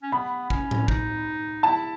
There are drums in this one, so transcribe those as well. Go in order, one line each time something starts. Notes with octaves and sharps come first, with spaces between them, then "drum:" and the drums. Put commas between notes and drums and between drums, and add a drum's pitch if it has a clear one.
C#4
B3 B5
C#4, drum: kick
drum: tom A2
D#4, drum: kick
E4 A5